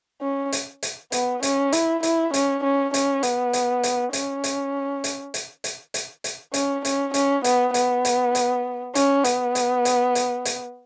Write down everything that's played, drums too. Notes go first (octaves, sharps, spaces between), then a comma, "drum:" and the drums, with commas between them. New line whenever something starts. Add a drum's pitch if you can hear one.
C#4
drum: hi-hat
drum: hi-hat
B3, drum: hi-hat
C#4, drum: hi-hat
E4, drum: hi-hat
E4, drum: hi-hat
C#4, drum: hi-hat
C#4
C#4, drum: hi-hat
B3, drum: hi-hat
drum: hi-hat
drum: hi-hat
C#4, drum: hi-hat
drum: hi-hat
drum: hi-hat
drum: hi-hat
drum: hi-hat
drum: hi-hat
drum: hi-hat
C#4, drum: hi-hat
C#4, drum: hi-hat
C#4, drum: hi-hat
B3, drum: hi-hat
B3, drum: hi-hat
drum: hi-hat
drum: hi-hat
C#4, drum: hi-hat
B3, drum: hi-hat
drum: hi-hat
drum: hi-hat
drum: hi-hat
drum: hi-hat